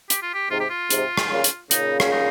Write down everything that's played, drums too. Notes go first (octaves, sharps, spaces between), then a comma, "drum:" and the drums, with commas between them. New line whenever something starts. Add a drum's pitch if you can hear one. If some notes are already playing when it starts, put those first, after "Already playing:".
G4, drum: hi-hat
F4
G4
G#2 C3 F4
G4
F4
G#2 C3, drum: hi-hat
drum: rim click
A#2 C#3
drum: hi-hat
A#2 C#3 D#4, drum: hi-hat
C#4, drum: rim click
D#4